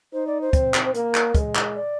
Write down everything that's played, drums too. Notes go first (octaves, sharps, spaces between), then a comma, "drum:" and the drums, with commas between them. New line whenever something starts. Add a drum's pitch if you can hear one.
D#4 C5
D5
C5
C4, drum: kick, hi-hat
drum: clap
A#3 A#4, drum: hi-hat
drum: clap
G#3, drum: kick, hi-hat
drum: clap
D5